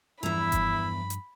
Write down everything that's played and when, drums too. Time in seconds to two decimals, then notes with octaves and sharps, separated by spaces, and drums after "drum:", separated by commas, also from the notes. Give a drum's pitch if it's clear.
0.23 E2 G2 F3 E4 A#5 B5
0.52 drum: kick F#1, hi-hat
1.10 drum: hi-hat